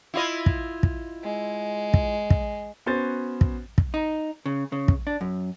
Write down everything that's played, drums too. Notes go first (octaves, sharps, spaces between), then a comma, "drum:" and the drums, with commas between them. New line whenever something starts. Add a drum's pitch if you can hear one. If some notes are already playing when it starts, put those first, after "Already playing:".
E4 F4 D#5
drum: kick
drum: kick
G#3
drum: kick
drum: kick
B3 C#4 F#4 C5 A6
drum: kick
drum: kick
D#4
C#3
C#3
drum: kick
D4
F#2